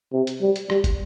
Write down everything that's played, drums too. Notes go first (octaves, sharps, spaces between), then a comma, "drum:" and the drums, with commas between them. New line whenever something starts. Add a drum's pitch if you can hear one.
C3
drum: hi-hat
G3
drum: hi-hat
G3, drum: rim click
drum: kick, hi-hat